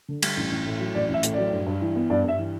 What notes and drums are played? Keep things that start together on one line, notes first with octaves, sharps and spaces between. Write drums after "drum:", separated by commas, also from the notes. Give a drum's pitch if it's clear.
D3
G3, drum: cymbal
A1
A1
A2
F#3
A1 D5
A1
E5
A2, drum: hi-hat
F#3 D5
G2
G2
E3
B3
G2 D5
G2 E5
E3